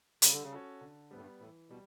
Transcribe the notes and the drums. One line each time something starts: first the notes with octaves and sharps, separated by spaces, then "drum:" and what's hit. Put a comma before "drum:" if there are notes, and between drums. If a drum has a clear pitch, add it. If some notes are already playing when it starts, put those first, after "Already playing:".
C#3 G3, drum: hi-hat
D3
C#3
C#4 F#4 A4
D3
A2 G3 B3
G2
A2 E3
B2 G3